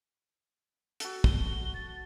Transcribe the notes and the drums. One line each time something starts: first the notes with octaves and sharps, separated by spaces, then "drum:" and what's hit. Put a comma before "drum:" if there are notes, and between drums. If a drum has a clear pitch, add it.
F#4 A4, drum: hi-hat
G7, drum: kick
A6